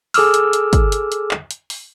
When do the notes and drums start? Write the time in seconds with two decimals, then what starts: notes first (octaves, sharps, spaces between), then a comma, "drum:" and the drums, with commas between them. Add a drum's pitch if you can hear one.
0.14 G#4 A4 D6 E6 F6, drum: open hi-hat
0.34 drum: hi-hat
0.53 drum: hi-hat
0.73 drum: kick, hi-hat
0.92 drum: hi-hat
1.12 drum: hi-hat
1.31 drum: clap
1.51 drum: hi-hat
1.70 drum: open hi-hat